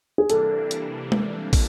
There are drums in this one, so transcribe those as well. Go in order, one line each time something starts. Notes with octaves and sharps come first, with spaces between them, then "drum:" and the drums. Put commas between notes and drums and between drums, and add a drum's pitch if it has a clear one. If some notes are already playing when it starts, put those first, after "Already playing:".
G#4
C3 E3 G3 A#3 D4 A4, drum: hi-hat
drum: hi-hat
drum: tom G#3
drum: kick, open hi-hat